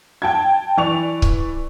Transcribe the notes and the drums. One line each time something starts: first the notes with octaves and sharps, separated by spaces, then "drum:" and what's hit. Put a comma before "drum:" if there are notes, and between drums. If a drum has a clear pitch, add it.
G5 A5 G#6
E3 D5 C#6 F7
drum: kick C#1